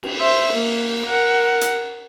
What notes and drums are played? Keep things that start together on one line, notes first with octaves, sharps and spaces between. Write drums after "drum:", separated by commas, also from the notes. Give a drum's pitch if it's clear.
drum: cymbal
C5 E5
A#3
A#4 F#5
drum: hi-hat